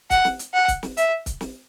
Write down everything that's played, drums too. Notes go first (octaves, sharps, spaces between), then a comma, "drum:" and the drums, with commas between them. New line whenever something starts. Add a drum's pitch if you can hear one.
F#5, drum: kick, hi-hat
drum: snare
drum: hi-hat
F#5
drum: kick, hi-hat
drum: snare
E5, drum: hi-hat
drum: kick, hi-hat
drum: snare